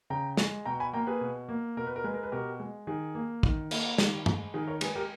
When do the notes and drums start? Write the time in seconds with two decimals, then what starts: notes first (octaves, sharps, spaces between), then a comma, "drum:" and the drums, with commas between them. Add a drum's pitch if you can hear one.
0.10 C#3 G5 A#5
0.37 G#3, drum: snare
0.65 B2 G5 A#5
0.80 G#5 B5
0.93 A#3 G5 A#5
1.07 G#4 B4
1.21 B2
1.49 A#3
1.77 B2 A#4
1.86 B4
1.96 A#4
2.04 G#3 B4
2.14 A#4
2.23 B4
2.32 B2 G4 A#4
2.59 G#3
2.87 D#3 G#4
3.15 A#3
3.43 D#3, drum: kick
3.71 A#3, drum: cymbal
3.98 D#3 G4, drum: snare
4.26 G#3, drum: tom G2
4.54 D#3 G#4
4.68 A#4 C#5
4.81 G#3 G#4 B4, drum: cymbal
4.96 G4 A#4